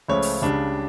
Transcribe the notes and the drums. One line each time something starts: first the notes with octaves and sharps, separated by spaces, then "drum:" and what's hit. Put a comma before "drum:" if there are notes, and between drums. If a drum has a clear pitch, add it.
C#2 C#3 F3 A3 C#5
drum: open hi-hat
C#2 C#3 G3 D4